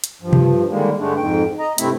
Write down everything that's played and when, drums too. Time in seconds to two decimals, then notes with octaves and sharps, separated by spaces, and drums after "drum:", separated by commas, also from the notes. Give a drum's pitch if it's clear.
0.04 drum: hi-hat
0.22 G2 F3
0.33 drum: tom C3
0.69 D3 D#3 G3 G#3 A#3
0.98 G2 D3 G#3 A3 D4
1.17 F2 G#2 G5
1.59 D#5 A#5
1.78 G2 C3 A3 C4 E4 E5, drum: hi-hat